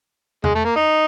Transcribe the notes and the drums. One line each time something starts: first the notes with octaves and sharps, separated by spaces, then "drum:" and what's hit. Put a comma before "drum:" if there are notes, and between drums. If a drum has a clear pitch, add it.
G#3, drum: tom E2
A3
A#3
D#4